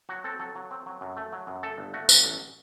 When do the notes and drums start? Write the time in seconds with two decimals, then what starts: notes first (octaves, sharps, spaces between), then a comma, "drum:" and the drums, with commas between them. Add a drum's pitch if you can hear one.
0.09 F#3 F#4
0.24 C4 A4
0.40 F#3 A4
0.55 F#3
0.71 C4
0.86 F#3
1.01 F#2
1.17 A3
1.32 F#3
1.47 F#2
1.63 A3 A4
1.78 G1
1.94 A3 F#4
2.09 G1 F#4, drum: tambourine
2.24 A1